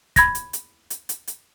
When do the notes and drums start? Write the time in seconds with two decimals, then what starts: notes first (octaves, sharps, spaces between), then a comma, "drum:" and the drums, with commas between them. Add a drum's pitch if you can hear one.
0.16 B5 G#6 A#6, drum: kick, hi-hat
0.35 drum: hi-hat
0.53 drum: hi-hat
0.90 drum: hi-hat
1.09 drum: hi-hat
1.27 drum: hi-hat